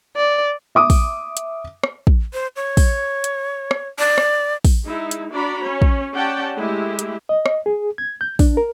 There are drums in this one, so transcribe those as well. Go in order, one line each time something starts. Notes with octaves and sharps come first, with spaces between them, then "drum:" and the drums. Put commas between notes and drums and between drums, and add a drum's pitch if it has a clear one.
D5
E5 D6 D#6
drum: kick, open hi-hat
drum: hi-hat
drum: rim click
drum: kick
C5
C#5
drum: kick, open hi-hat
drum: hi-hat
drum: rim click
D5
drum: rim click
drum: kick, open hi-hat
G#3 D#4 E4
drum: hi-hat
D4 F#4 D5 A#5 B5
C#4 C#5
drum: kick
C#4 G4 D5 F#5 G5 A5
G#3 A3 E4 G4
drum: hi-hat
D#5
drum: rim click
G#4
G#6
G6
D4, drum: kick, open hi-hat
A#4